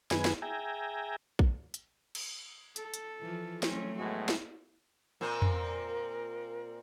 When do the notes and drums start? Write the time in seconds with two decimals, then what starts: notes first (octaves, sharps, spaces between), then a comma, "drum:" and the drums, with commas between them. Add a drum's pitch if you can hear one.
0.11 F#2 D#3 B3 G#4 B4 G#5, drum: snare
0.25 drum: snare
0.42 G#4 E5 G5 G#5 A#5
1.39 drum: kick
1.74 drum: hi-hat
2.15 drum: cymbal
2.76 A4, drum: hi-hat
2.94 drum: hi-hat
3.20 E3 F3
3.63 F#3 A3 C4 C#4, drum: snare
3.97 A2 G#3 B3 F#4
4.29 drum: snare
5.21 A#2 C4 A#4
5.42 drum: tom F2